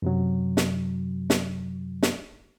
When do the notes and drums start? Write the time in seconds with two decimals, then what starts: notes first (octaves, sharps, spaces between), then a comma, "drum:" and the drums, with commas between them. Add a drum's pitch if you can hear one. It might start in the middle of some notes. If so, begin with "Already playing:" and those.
0.02 F#2 C3 F#3
0.57 drum: snare
1.30 drum: snare
2.03 drum: snare